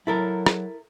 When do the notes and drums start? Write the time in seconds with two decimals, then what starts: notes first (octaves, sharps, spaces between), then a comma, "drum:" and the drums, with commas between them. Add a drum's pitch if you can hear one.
0.07 F#3 E4 A4 A#4
0.46 drum: rim click